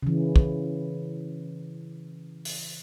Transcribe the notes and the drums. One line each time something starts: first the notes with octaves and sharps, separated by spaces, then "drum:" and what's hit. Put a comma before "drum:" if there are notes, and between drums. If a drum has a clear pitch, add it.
C#3 E3
drum: kick
drum: open hi-hat